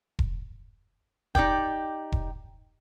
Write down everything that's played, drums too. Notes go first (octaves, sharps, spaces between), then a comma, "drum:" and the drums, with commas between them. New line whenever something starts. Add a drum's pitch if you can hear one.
drum: kick E1
D#4 G4 D5 G5, drum: kick E1
drum: kick E1